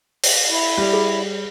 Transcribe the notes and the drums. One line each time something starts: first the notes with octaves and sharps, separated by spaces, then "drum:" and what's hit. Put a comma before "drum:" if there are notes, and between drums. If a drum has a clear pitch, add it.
drum: open hi-hat
E4
G3
G#4